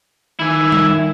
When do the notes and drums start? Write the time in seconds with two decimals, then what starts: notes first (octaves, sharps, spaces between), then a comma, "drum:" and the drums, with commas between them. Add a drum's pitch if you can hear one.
0.39 D#3 E4 G#5
0.72 drum: tom G3